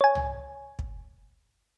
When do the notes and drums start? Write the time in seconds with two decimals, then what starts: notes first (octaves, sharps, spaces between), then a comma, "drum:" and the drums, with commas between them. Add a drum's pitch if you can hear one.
0.01 C#5 G#5
0.15 drum: tom
0.79 drum: kick